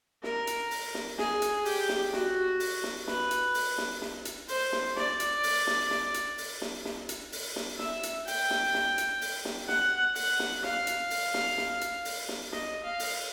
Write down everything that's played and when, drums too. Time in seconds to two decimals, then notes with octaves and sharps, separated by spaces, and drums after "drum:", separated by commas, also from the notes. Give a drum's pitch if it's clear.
0.24 A#4, drum: snare
0.47 drum: hi-hat
0.71 drum: open hi-hat
0.94 drum: snare
1.18 G#4, drum: snare
1.42 drum: hi-hat
1.65 G4, drum: open hi-hat
1.89 drum: snare
2.13 F#4, drum: snare
2.60 drum: open hi-hat
2.83 drum: snare
3.07 B4, drum: snare
3.31 drum: hi-hat
3.54 drum: open hi-hat
3.78 drum: snare
4.02 drum: snare
4.25 drum: hi-hat
4.48 C5, drum: open hi-hat
4.73 drum: snare
4.97 D5, drum: snare
5.20 drum: hi-hat
5.43 drum: open hi-hat
5.67 drum: snare
5.91 drum: snare
6.14 drum: hi-hat
6.38 drum: open hi-hat
6.62 drum: snare
6.85 drum: snare
7.09 drum: hi-hat
7.32 drum: open hi-hat
7.56 drum: snare
7.79 E5, drum: snare
8.03 drum: hi-hat
8.27 G5, drum: open hi-hat
8.51 drum: snare
8.74 drum: snare
8.98 drum: hi-hat
9.21 drum: open hi-hat
9.45 drum: snare
9.68 F#5, drum: snare
10.15 F#5, drum: open hi-hat
10.40 drum: snare
10.64 F5, drum: snare
10.87 drum: hi-hat
11.10 drum: open hi-hat
11.34 drum: snare
11.58 drum: snare
11.81 drum: hi-hat
12.05 drum: open hi-hat
12.29 drum: snare
12.52 D#5, drum: snare
12.83 F5
12.99 drum: open hi-hat